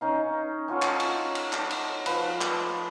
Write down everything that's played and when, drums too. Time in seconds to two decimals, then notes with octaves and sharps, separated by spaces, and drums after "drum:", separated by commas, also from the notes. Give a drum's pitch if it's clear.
0.01 C#4 D#4 F5
0.68 C#4 F4 F#4 A4
0.82 drum: clap
1.00 drum: cymbal
1.35 drum: cymbal
1.53 drum: clap
1.70 drum: cymbal
2.06 F3 B4, drum: cymbal
2.41 drum: clap